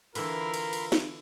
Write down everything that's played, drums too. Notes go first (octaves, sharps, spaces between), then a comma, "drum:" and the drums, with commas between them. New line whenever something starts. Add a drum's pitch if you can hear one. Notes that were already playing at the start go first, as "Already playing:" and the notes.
D3 E3 E4 F4 A#4 B4 B5 C6, drum: cymbal
drum: cymbal
drum: cymbal
drum: snare